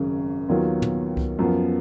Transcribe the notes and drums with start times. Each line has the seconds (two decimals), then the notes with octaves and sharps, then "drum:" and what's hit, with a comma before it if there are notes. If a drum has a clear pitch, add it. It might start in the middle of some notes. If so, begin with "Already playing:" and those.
Already playing: G#1 F#2 C#3
0.49 D#2 D#3 F#3 B3 F4
0.82 drum: tom
1.17 drum: kick C2
1.39 F#2 F3 B3